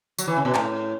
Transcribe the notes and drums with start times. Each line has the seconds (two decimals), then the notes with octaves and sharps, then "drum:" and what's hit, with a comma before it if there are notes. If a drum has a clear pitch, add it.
0.18 F#3, drum: tambourine
0.27 E3
0.37 C#3
0.45 B2
0.55 A2, drum: clap